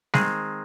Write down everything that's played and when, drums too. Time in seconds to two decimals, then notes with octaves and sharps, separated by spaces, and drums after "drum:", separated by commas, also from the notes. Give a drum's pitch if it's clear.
0.14 D#3 G#3 C4 G#4, drum: snare G3